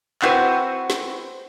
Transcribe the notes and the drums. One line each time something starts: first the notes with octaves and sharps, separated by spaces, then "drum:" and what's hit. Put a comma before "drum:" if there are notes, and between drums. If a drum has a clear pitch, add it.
C4 E4 F#4 G#4 B4 C5, drum: clap
drum: snare